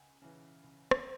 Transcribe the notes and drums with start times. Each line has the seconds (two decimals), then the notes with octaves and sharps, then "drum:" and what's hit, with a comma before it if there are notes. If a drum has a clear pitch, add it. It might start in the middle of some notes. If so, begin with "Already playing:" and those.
Already playing: C#2 F#5 G#5
0.22 C#3 E3
0.63 C#2
0.91 drum: rim click